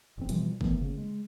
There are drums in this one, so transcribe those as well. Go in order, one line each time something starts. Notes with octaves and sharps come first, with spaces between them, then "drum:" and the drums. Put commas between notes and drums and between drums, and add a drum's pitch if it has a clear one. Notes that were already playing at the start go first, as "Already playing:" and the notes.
E1 F2 C4
B2 E3 F3 G3, drum: hi-hat
D#3 E3 A3 B3, drum: kick
C#3 A#3
G#3